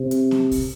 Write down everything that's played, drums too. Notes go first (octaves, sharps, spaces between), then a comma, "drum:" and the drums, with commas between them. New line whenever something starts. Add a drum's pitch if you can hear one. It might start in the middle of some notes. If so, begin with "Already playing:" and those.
Already playing: C3
drum: hi-hat
drum: snare B3
drum: kick C2, open hi-hat